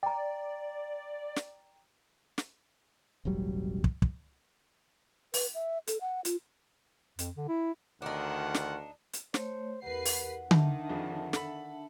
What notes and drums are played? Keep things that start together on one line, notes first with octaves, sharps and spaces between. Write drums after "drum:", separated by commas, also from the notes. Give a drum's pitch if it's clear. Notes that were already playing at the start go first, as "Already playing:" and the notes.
D5 G5 A#5
drum: snare
drum: snare
E1 A1 F#3 G3
drum: kick
drum: kick
B4, drum: open hi-hat
E5
A4, drum: hi-hat
F#5
F4, drum: hi-hat
F2, drum: hi-hat
D3
E4
D2 D#3 D4 D#4 F4 F#4 F#5
drum: snare
drum: hi-hat
A3 C5 C#5, drum: snare
E2 G4 A#4 B4 F#5 C7
drum: open hi-hat
D3 D#3 D4 E5 A5, drum: tom D3
F2 F3 G#4
A4 B5, drum: snare